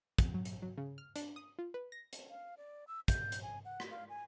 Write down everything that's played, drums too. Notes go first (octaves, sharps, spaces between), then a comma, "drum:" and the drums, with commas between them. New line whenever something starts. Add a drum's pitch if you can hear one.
F2, drum: kick, hi-hat
F#3
drum: hi-hat
F#3
C#3
F6
D4, drum: hi-hat
D#6
F4
B4
A#6
drum: hi-hat
F5
D5
E6
G6, drum: kick, hi-hat
drum: hi-hat
G#5
F#5
drum: rim click
F5
G#5